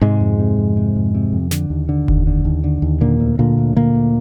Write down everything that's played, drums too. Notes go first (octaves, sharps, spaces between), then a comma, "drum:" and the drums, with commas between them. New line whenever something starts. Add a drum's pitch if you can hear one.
G#2 C3 G#3
F2
C3
F2
C3
F2
C3
F2
D3, drum: snare
D#2
D3
D#2, drum: kick F1
D3
D#2
D3
D#2
A#2 D3 A#3
D2
A#2 D3 A#3
D2
A#2 D3 A#3
D2